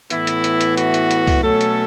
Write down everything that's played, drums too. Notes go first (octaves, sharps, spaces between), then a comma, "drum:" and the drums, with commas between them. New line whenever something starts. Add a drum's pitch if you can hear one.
A2 E3 B3 E4, drum: hi-hat
drum: hi-hat
drum: hi-hat
drum: hi-hat
F#4, drum: hi-hat
drum: hi-hat
drum: hi-hat
drum: kick C2, open hi-hat
B2 F#3 A3 C#4 A4
drum: hi-hat